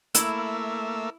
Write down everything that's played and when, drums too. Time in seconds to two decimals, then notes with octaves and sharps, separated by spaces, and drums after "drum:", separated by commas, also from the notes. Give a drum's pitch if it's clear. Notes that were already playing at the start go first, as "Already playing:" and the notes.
0.14 A3 A#3 E4 E5, drum: hi-hat